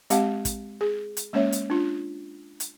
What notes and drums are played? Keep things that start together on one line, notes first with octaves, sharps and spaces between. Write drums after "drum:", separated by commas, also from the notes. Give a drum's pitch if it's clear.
G#3 C4 G4 F5 F#5 A5, drum: hi-hat
drum: kick, hi-hat
G#4
drum: hi-hat
G#3 A#3 C#4 C#5 E5
drum: hi-hat
D4 F4
drum: hi-hat